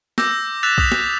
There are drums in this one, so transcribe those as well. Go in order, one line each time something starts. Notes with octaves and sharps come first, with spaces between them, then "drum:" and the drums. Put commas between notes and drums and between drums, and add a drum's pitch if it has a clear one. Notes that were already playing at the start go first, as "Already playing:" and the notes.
D6 E6 G6 A#6, drum: snare
E6 F#6 A6 B6 E7 F7
D#6 B6, drum: kick B1
drum: snare